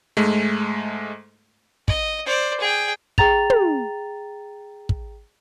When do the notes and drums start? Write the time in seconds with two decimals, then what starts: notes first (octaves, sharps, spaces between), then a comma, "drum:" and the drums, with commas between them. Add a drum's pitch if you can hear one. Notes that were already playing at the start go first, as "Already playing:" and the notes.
0.17 G#2 G#3 A3
1.88 D#5, drum: kick
2.26 C5 D5
2.60 G#4 G5
3.18 G#4 G5 A#5 A6 F7, drum: kick
3.50 drum: tom
4.89 drum: kick